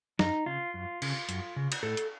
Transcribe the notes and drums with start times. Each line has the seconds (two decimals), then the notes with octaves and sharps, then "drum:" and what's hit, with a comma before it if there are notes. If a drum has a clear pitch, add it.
0.19 F#2 D#4, drum: snare
0.46 C#3 F4
0.74 F#2
1.02 C#3, drum: cymbal
1.29 F#2, drum: hi-hat
1.56 C#3
1.72 drum: cymbal
1.83 A2 A4
1.97 drum: hi-hat